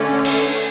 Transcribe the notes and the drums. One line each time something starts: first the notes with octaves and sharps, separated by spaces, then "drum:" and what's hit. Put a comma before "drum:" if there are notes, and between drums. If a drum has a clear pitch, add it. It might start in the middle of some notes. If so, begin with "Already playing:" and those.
Already playing: D3 A3 C#4
drum: cymbal